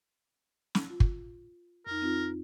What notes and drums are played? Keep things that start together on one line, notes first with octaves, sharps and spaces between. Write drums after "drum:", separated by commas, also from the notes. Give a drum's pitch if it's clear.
drum: snare
F4
drum: kick
F2 D#4 A#4
C4 D#4 F4